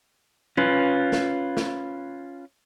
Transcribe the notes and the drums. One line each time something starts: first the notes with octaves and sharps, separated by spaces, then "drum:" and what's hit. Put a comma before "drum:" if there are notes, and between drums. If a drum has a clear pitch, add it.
C#4 F4 B4, drum: tom
drum: snare
drum: snare